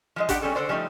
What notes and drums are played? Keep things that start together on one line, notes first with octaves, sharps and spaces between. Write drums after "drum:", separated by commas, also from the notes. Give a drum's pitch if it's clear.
F3 G#3 D#5
G3 D4 G4 F#5 G5, drum: kick, hi-hat
G3 C4 C#4 G#4 A4
D3 A4 A#4 C5 D5
F3 G3 A3 D4 D#4